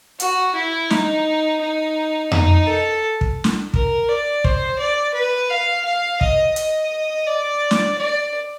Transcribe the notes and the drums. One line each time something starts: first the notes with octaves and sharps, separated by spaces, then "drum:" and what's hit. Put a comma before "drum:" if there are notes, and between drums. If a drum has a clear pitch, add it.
F#4, drum: hi-hat
E4
D#4, drum: snare
D#4
D#4, drum: tom F2
A4
drum: kick
drum: snare
A#4, drum: kick
D5
C5, drum: kick
D5
B4
F5
F5
D#5, drum: kick
D#5, drum: hi-hat
D5
drum: snare
D5